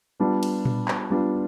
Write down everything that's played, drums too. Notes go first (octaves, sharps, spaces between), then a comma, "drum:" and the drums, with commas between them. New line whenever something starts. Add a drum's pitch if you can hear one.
G3 B3 D4 F4
drum: cymbal
drum: tom A#2
drum: clap
G3 B3 D4 F4